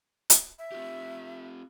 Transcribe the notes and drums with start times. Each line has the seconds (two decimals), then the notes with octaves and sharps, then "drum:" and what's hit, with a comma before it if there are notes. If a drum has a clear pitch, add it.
0.30 drum: hi-hat
0.58 E5
0.72 C4 F4 G4